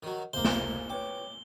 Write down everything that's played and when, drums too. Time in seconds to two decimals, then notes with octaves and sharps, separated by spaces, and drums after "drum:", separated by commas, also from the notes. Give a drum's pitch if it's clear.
0.03 D#3 F#3
0.33 F1 C#2 A#3 C5 G7
0.45 drum: snare
0.90 B4 C#5 G5 D6